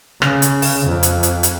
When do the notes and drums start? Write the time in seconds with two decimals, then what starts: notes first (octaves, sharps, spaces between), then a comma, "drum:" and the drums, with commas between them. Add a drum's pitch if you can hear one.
0.22 C#3, drum: rim click
0.42 drum: hi-hat
0.62 drum: open hi-hat
0.87 F2
1.03 drum: hi-hat
1.23 drum: hi-hat
1.43 drum: hi-hat